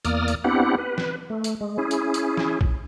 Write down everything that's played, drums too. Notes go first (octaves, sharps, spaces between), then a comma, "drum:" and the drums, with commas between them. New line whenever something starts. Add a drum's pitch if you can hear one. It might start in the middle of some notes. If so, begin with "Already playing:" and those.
E2 A#3 D5 D#6 F6, drum: hi-hat
drum: hi-hat
B3 C4 D4 E4 G4 F#5
B4
drum: snare
A3
drum: hi-hat
G#3
C#4 E4 G#4
drum: hi-hat
drum: hi-hat
drum: snare
drum: kick